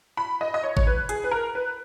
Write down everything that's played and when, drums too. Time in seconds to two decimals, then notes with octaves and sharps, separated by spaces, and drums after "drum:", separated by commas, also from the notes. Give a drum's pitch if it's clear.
0.17 B5
0.41 D#5
0.54 D#5
0.63 C#5
0.77 C#5, drum: kick G#1
0.87 B4
1.09 G#4, drum: hi-hat
1.24 B4
1.31 A#4
1.55 B4